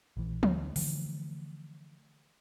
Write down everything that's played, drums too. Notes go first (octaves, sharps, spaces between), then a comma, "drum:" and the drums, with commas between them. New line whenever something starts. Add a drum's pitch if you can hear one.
A#1 E3
D2, drum: tom
D3 E3 F3 A3, drum: open hi-hat